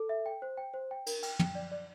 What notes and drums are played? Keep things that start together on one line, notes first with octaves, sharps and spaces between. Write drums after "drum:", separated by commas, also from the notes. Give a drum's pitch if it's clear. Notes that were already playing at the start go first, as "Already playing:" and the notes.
Already playing: A4
E5
G5
C5
G5
C5
G5
A#4, drum: cymbal
G5, drum: cymbal
G5, drum: tom
D5
D5